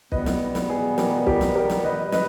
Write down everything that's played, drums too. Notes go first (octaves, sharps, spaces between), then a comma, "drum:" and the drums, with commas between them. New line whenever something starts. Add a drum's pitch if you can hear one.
B2 G3 B3 B4 D#5, drum: kick
drum: snare
drum: snare
G#4 B4
G4 A#4, drum: snare
G4 A#4, drum: kick
drum: snare
G4 A#4
drum: snare
B4 D#5
B4 D#5, drum: snare